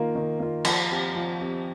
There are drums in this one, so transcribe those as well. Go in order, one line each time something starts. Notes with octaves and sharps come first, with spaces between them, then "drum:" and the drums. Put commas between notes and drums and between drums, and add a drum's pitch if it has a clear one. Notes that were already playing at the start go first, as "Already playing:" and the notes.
Already playing: D#3 A#3 F4
D#3
A#3 F4
F3, drum: cymbal
C4 G4
F3
C4 G4